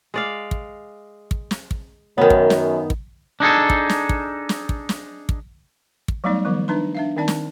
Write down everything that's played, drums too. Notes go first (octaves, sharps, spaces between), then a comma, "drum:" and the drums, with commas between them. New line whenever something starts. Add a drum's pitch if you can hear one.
G#3 D5 F5
drum: kick
drum: kick
drum: snare
drum: kick
F#2 D#3 B3
drum: kick
drum: snare
drum: kick
D4 D#4 G#4 A4
drum: kick
drum: snare
drum: kick
drum: snare
drum: kick
drum: snare
drum: kick
drum: kick
F#3 G3 A3 B3 D#4 D5
D#3 F3 G3 B3
D4 D#4 B4 E5 C6
D4 E5 F5
D#3 C4 D#4 D5 A5
drum: snare